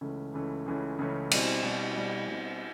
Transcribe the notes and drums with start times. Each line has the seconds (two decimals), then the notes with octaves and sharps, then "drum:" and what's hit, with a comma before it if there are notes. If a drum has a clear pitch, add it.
0.01 C#2 C#3 E3 A3 C#4
0.34 C#2 C#3 E3 A3 C#4
0.66 C#2 C#3 E3 A3 C#4
0.99 C#2 C#3 E3 A3 C#4
1.31 B2 G3 C4, drum: cymbal
1.63 B2 G3 C4
1.95 B2 G3 C4
2.28 B2 G3 C4